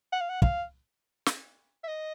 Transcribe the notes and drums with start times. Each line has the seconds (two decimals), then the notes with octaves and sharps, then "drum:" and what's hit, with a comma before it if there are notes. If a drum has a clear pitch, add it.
0.13 F#5
0.21 F5
0.29 F#5
0.42 F5, drum: kick
1.26 drum: snare
1.84 E5
1.88 D#5